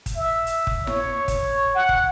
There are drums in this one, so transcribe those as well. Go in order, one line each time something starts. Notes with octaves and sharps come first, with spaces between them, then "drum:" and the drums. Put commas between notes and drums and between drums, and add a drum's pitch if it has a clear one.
drum: kick, hi-hat
E5
drum: hi-hat
drum: kick
C#5, drum: snare E4
drum: kick, hi-hat
F#5
drum: kick